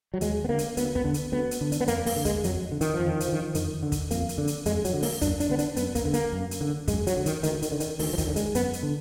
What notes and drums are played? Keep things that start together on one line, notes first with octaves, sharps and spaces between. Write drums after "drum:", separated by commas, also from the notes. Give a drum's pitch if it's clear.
F#3
D#2 G#3, drum: hi-hat
B3
D3 A#3
drum: hi-hat
D2 B3, drum: hi-hat
B3, drum: kick
D3
drum: hi-hat
D2 B3
drum: hi-hat
D3
D4, drum: hi-hat
B3
F2 A#3, drum: hi-hat
A#3, drum: open hi-hat
D3
G#3, drum: kick, hi-hat
F2 F#3, drum: hi-hat
D3
D#3, drum: hi-hat
F2 F3
D#3
F3, drum: hi-hat
D3
D#3
F2 D#3, drum: hi-hat
D3
drum: kick, hi-hat
F2 A#3, drum: hi-hat
drum: hi-hat
D3
drum: hi-hat
F2 G#3, drum: hi-hat
F#3, drum: hi-hat
D3
A#3, drum: open hi-hat
F#2 D4, drum: kick, hi-hat
D4, drum: hi-hat
D3 B3
D4, drum: hi-hat
F#2 B3, drum: hi-hat
A#3, drum: kick, hi-hat
D3
A#3, drum: hi-hat
F#2
drum: hi-hat
D3
F#2 G#3, drum: kick, hi-hat
F#3, drum: hi-hat
D3
D#3, drum: hi-hat
D2 D#3, drum: hi-hat
D#3, drum: hi-hat
D3
D#3, drum: hi-hat
D2 D#3, drum: open hi-hat
F3
D#3, drum: kick, hi-hat
D3
G#3, drum: hi-hat
F#2 B3, drum: hi-hat
drum: hi-hat
D3